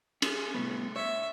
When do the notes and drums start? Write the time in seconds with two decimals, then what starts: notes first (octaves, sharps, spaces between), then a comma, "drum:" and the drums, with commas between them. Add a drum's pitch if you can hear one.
0.22 C#4 G#4, drum: cymbal
0.54 C2 A2 B3
0.96 C#5 E5